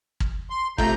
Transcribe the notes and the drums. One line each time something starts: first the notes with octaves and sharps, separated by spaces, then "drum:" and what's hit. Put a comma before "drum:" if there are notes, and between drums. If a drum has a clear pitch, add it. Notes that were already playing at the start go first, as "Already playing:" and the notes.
drum: kick
C6
C3 A3 F4 A#5 G6, drum: kick